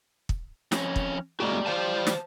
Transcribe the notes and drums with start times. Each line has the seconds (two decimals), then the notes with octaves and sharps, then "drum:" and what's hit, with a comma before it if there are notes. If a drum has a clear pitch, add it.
0.29 drum: kick
0.72 F2 C#4, drum: snare
0.96 drum: kick
1.40 G#3 A#3 F#4 G4 D5
1.66 C5 F5 A5
2.07 drum: snare